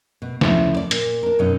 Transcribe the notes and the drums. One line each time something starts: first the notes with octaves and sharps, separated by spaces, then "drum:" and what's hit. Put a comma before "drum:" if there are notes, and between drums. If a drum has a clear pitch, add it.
B2
D2 C#3 F3 E4, drum: snare
D5
A#2, drum: hi-hat
D4 A#4
F#2 B2 C4 C#4 D#4